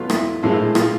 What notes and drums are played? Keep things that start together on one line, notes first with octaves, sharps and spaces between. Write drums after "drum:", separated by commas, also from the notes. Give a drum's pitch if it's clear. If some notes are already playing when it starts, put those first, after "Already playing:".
Already playing: E2 B2 F#3 A3 F4 B4
E4, drum: rim click
A#1 A2 F3 G#3
F4, drum: rim click